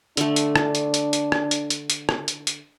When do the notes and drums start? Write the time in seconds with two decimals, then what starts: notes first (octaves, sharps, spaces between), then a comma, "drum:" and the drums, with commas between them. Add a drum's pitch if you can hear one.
0.17 D3 A3 D4, drum: hi-hat
0.36 drum: hi-hat
0.56 drum: rim click
0.75 drum: hi-hat
0.94 drum: hi-hat
1.13 drum: hi-hat
1.32 drum: rim click
1.51 drum: hi-hat
1.70 drum: hi-hat
1.90 drum: hi-hat
2.09 drum: rim click
2.28 drum: hi-hat
2.47 drum: hi-hat